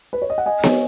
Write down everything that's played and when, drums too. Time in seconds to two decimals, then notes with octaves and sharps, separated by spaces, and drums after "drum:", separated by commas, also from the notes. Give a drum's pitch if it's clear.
0.13 B4
0.22 C#5
0.30 D#5
0.38 F#5
0.46 D#5 G#5
0.63 C#5, drum: snare B3